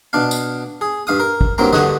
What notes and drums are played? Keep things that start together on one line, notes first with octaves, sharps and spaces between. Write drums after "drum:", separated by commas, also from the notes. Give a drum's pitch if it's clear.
B2 D4 F5
drum: tambourine
G#4
G2 F5 D#6
A#4
drum: kick
G2 F#3 A#3 C4 A#5
G2 D3 F#4 D#5, drum: snare